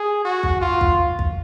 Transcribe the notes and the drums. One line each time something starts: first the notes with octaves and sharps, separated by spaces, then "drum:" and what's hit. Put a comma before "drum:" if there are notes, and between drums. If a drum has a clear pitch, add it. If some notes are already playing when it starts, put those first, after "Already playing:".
Already playing: G#4
F#4
drum: kick
F4
drum: kick
drum: kick